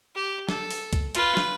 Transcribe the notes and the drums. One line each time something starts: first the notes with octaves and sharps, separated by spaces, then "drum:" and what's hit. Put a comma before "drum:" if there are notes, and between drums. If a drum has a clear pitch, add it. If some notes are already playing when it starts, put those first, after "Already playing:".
G4
A4, drum: snare
drum: open hi-hat
drum: kick, hi-hat
F4 B4, drum: hi-hat
drum: snare